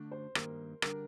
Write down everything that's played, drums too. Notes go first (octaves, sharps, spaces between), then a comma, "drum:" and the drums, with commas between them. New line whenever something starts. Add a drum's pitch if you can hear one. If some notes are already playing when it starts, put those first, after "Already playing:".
Already playing: D3 A3 D4
C5
G2 D#3 A#3 A#4, drum: rim click
D3 G3 D4 A#4, drum: rim click